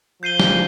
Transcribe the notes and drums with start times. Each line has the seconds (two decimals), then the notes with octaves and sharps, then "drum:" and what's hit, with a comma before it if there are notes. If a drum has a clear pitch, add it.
0.22 F3 G6 C7 D#7 G7
0.40 drum: snare